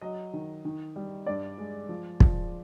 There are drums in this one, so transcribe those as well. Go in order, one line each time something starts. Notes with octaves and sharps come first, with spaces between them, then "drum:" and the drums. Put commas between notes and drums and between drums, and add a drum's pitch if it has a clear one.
F#3 D#5
D#3
D#3
G3
G2 D5
G#3
F3
F3, drum: kick